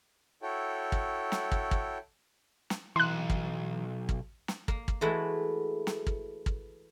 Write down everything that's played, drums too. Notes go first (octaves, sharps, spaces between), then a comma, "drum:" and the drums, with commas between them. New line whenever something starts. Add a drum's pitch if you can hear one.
E4 F#4 A4 C#5 G5
drum: kick
drum: snare
drum: kick
drum: kick
drum: snare
B1 E3 C6 F#6
drum: kick
drum: kick
drum: snare
A#3, drum: kick
drum: kick
E3 G#3 A3 E4 F#4
drum: snare
drum: kick
drum: kick